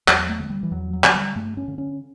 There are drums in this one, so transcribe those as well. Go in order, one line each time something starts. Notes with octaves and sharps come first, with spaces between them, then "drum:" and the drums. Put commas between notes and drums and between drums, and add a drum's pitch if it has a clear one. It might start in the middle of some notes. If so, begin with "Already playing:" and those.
E2 F#3, drum: clap
A3
D3 A3
G3
E3
E2 F#3
F#3
D3, drum: clap
G3
G2 A3
C#4
D3
C#4